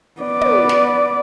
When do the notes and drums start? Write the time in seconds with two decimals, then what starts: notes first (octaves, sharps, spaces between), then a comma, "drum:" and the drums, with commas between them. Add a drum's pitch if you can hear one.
0.22 B3 D5
0.41 drum: tom
0.69 drum: snare